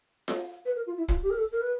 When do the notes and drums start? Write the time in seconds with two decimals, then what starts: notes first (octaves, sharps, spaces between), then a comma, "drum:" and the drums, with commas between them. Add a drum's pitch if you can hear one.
0.28 drum: snare F4
0.65 B4
0.76 A#4
0.87 F4
0.97 E4
1.08 F4, drum: kick
1.23 G4
1.31 A#4
1.38 A4
1.52 A#4
1.61 B4